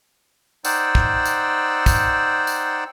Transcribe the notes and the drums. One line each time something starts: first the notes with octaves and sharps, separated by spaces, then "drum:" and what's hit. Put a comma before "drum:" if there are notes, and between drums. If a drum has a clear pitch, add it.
D#4 C5 D5 F#5 G5 E6, drum: tambourine
drum: kick
drum: tambourine
drum: kick, tambourine
drum: tambourine